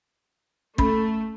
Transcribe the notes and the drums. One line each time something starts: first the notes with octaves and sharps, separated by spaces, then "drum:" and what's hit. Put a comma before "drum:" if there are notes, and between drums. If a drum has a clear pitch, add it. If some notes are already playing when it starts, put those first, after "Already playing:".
A3 C#4 B5, drum: kick